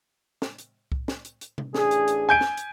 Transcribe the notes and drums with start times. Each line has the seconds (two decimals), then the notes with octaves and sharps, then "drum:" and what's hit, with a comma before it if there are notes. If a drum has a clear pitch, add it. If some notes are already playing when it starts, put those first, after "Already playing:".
0.42 drum: snare
0.58 drum: hi-hat
0.92 drum: kick C2
1.08 drum: snare
1.25 drum: hi-hat
1.41 drum: hi-hat
1.58 drum: tom C3
1.75 A1 D4 G#4, drum: snare
1.91 drum: hi-hat
2.08 drum: hi-hat
2.29 G#5 G6 D7
2.41 drum: snare
2.57 drum: hi-hat